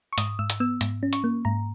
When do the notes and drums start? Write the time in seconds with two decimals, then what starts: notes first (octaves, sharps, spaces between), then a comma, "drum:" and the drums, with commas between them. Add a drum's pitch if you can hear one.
0.13 C#6
0.18 G#2 D#6, drum: hi-hat
0.39 G#2 E6
0.50 drum: hi-hat
0.60 B3 E6
0.81 G#2, drum: hi-hat
1.03 C#4
1.13 C#6, drum: hi-hat
1.24 A#3
1.45 G#2 A#5